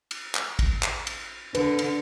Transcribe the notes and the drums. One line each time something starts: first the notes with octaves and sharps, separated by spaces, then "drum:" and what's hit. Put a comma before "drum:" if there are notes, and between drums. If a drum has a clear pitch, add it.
drum: cymbal
drum: clap
drum: kick, cymbal
drum: clap
drum: cymbal
D3 B4, drum: cymbal
drum: cymbal